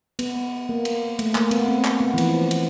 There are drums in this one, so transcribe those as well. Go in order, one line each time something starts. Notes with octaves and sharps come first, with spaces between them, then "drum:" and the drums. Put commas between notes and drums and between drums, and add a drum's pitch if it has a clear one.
B3, drum: cymbal
A#3
drum: cymbal
A3, drum: cymbal
A#3, drum: clap
B3, drum: cymbal
C4
drum: clap
B3
E3
F3, drum: cymbal
drum: cymbal